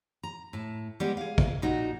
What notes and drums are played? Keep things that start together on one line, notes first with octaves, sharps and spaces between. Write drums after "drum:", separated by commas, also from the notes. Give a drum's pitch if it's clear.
A#5
A2 A5
G3 G#3 B3 D5
G#4 F5
drum: kick
A#2 F3 D#4 F#4